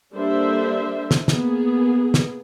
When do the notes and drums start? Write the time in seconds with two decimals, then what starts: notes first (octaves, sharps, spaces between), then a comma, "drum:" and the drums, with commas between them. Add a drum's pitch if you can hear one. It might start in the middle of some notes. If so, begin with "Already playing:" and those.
0.14 G3 A#3 D4 A4 C5 E5
1.11 drum: snare
1.28 A#3 B3 G#4, drum: snare
2.14 drum: snare